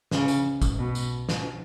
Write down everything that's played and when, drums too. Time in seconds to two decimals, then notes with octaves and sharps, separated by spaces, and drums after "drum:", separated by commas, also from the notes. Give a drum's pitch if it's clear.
0.11 C#3, drum: snare
0.28 drum: tambourine
0.62 drum: kick, tambourine
0.78 B2
0.95 drum: tambourine
1.29 drum: snare